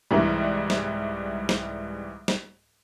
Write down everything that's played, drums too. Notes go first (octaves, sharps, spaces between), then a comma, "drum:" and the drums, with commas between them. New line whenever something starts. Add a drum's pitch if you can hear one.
C2 G#2 E3 G3
drum: snare
drum: snare
drum: snare